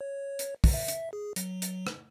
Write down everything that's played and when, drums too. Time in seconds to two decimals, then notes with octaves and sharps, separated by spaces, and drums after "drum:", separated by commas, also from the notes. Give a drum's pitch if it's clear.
0.01 C#5
0.39 drum: hi-hat
0.64 drum: kick, open hi-hat
0.74 E5
0.88 drum: hi-hat
1.13 G#4
1.36 F#3, drum: hi-hat
1.62 drum: hi-hat
1.87 drum: rim click